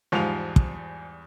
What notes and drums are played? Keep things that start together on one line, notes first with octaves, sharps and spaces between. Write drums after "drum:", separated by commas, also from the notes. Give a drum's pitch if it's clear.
E2 G#2 F3 G3 F7
drum: kick